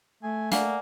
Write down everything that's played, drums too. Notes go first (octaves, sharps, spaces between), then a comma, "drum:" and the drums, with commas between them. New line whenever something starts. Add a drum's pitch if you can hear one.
A3 G#5
A#3 D5 F5 F#5 G#5, drum: snare